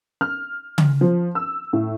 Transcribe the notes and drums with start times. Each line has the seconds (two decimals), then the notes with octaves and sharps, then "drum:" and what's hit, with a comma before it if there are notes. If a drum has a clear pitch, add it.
0.21 F6
0.78 drum: tom C#3
1.01 F3
1.35 E6
1.73 A2